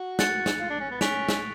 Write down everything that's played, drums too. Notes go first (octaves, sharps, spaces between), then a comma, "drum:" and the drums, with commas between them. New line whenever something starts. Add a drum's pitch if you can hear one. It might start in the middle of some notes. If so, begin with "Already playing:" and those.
Already playing: F#4
F#6 A6 C#7, drum: snare
drum: snare
F4
D4
C#4
B3
C#4 C#6 F#6 B6 D7 F7, drum: snare
drum: snare